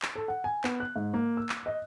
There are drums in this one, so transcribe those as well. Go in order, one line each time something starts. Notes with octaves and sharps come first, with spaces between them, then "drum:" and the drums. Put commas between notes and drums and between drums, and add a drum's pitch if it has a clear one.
drum: clap
A4
F#5
G#5
B3, drum: clap
F#6
G#2
A#3
E6
drum: clap
D#5